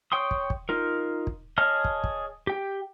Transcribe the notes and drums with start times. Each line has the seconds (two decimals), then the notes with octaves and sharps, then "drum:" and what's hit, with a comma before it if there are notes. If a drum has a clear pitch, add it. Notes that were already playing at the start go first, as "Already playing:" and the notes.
0.12 C#5 G5 C6 D#6
0.31 drum: kick
0.50 drum: kick
0.69 D#4 F4 A#4
1.27 drum: kick
1.58 G#4 C#5 D#5 A5 F6
1.84 drum: kick
2.04 drum: kick
2.47 G4 G5